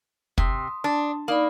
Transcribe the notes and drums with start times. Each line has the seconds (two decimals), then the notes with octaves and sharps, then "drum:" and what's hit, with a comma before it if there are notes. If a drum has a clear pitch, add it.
0.38 C3 C6 D#6, drum: kick
0.84 D4
1.28 A#3 D#4 D5 B5